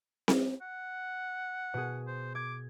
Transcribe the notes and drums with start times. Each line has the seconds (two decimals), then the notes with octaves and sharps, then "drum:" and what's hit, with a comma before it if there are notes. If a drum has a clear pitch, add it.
0.28 drum: snare C4
0.61 F#5
1.74 B2 G#4
2.07 C5
2.35 D6 G#6